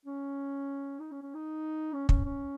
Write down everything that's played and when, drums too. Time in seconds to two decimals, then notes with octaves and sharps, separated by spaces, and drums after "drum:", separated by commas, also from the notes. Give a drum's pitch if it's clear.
0.06 C#4
1.00 D#4
1.11 C#4
1.22 C#4
1.35 D#4
1.93 C#4
2.09 C#4, drum: kick
2.25 C#4